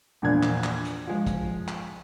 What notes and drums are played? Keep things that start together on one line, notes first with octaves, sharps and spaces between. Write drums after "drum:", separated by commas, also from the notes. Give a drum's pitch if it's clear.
A#1 E2 A#2 D4 G#6
drum: clap
drum: clap
drum: hi-hat
F3 G#3
drum: kick, hi-hat
drum: clap